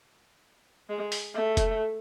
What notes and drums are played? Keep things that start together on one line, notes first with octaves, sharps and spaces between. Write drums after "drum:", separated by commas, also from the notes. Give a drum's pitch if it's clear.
G#3
drum: open hi-hat
A3
drum: kick F1, hi-hat